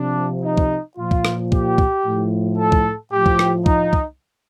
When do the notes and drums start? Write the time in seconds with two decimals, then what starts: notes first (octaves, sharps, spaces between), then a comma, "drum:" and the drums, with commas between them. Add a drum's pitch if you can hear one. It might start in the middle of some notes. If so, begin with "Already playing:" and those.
Already playing: C3 F3 D4
0.44 D#4
0.57 drum: kick
0.98 A#2 F3 F4
1.11 drum: kick
1.25 drum: rim click
1.52 G4, drum: kick
1.78 drum: kick
2.05 A2 F3
2.58 A4
2.72 drum: kick
3.12 A2 F3 G4
3.26 drum: kick
3.39 drum: rim click
3.66 D#4, drum: kick
3.93 drum: kick